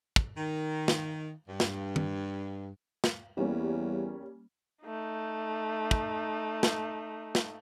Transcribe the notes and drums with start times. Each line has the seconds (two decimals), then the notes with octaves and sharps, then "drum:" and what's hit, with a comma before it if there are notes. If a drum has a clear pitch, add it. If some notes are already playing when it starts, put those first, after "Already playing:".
0.16 drum: kick
0.36 D#3
0.88 drum: snare
1.48 G2
1.60 drum: snare
1.96 drum: tom D#3
3.04 drum: snare
3.37 E2 G3 A#3 C#4
4.83 A3 D#4
5.91 drum: kick
6.63 drum: snare
7.35 drum: snare